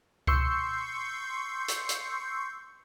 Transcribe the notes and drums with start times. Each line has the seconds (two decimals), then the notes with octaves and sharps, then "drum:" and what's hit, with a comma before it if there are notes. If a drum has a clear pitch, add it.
0.27 C6 C#6 E6 G6 C7 C#7, drum: kick C#2
1.68 drum: hi-hat
1.89 drum: hi-hat